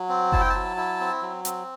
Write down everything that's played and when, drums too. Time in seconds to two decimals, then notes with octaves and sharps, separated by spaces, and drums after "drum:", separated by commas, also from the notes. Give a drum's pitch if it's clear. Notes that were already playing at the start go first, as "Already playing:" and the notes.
Already playing: F#3
0.09 C4
0.32 E4 A5, drum: kick F#1
0.41 G5
0.50 F#3 A5
0.77 E4
1.00 C4
1.22 F#3
1.45 C4, drum: hi-hat